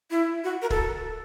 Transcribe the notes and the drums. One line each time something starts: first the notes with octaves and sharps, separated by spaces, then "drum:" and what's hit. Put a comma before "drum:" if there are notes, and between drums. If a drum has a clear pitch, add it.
E4
F#4
A#4
A4, drum: kick